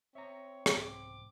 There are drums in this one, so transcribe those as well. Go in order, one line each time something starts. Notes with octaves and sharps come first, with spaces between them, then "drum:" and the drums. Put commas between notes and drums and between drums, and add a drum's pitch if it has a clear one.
C4 C#5 E5 A#5
C2 G#2 D6, drum: rim click